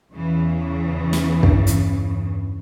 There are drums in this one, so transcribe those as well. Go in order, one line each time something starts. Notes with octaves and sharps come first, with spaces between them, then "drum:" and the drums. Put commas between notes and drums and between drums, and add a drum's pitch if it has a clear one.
E2 C#3 E3
drum: snare
G2, drum: kick
drum: hi-hat